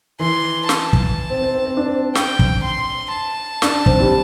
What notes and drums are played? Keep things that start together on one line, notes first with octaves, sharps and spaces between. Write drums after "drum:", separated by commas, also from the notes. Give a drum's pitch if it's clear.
E3 C6
A5, drum: snare
drum: kick
C4
C4
C4
C4
D4
C4
G5, drum: snare
drum: kick
C6
A5
D4, drum: snare
C4, drum: kick
G3